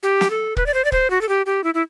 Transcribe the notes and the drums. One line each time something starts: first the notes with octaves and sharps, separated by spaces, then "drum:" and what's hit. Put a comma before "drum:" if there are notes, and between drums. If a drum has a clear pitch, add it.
G4
drum: snare
A4
B4, drum: kick
D5
C5
D5
C5, drum: kick
F#4
A4
G4
G4
E4
E4